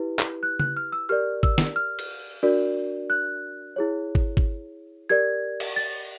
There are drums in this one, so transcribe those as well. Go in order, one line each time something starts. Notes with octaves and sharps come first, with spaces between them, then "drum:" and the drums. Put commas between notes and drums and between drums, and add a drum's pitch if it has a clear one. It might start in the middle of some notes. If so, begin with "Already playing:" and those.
Already playing: E4 G4 B4
drum: clap
F#6
F#6, drum: tom C#3
F6
E6
G4 A#4 D5 F6
E6, drum: kick
drum: snare
F6
drum: cymbal
D4 F#4 A#4 D5
F#6
E4 G#4 C#5
drum: kick
drum: kick
G4 A#4 D5 G#6
drum: cymbal
A6